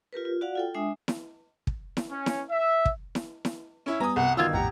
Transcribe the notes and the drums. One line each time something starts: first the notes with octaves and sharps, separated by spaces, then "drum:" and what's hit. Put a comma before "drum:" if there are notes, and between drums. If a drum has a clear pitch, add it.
F4 G4 A#4 B4
F4
F#4 D5 F5 F#5
F4 A4 G5
G#3 D4 E5 G#5 D#6
drum: snare E4
drum: kick
drum: snare E4
C#4
drum: snare E4
E5
drum: kick
drum: snare E4
drum: snare E4
C#4 E4
G3 B3 G#5 A#5 D#6
C2 F#5
G1 D#3 F4 F#4 D#5 F5 E6 G#6
A#1 F2 A2 G4 F#5 A#5